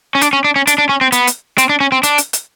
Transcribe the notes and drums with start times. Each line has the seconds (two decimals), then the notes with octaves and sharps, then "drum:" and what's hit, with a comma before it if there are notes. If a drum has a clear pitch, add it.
0.15 C#4
0.21 D4, drum: hi-hat
0.33 C#4
0.44 D4
0.56 C#4
0.67 D4, drum: hi-hat
0.78 D4
0.89 C#4
1.01 C4
1.12 B3, drum: hi-hat
1.27 drum: hi-hat
1.58 C4, drum: hi-hat
1.69 D4
1.80 C#4
1.92 C4
2.03 D4, drum: hi-hat
2.18 drum: hi-hat
2.33 drum: hi-hat